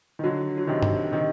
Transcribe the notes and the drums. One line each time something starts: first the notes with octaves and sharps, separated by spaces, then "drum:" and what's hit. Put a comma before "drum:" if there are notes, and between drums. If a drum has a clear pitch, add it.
D#3
D3 F#3
F#3
C3 D#3
drum: tom G2
C3 D#3